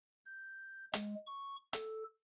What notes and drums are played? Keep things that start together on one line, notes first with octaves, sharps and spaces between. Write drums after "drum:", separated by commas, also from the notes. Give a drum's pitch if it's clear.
G6
G#3, drum: hi-hat
C#6
A4, drum: hi-hat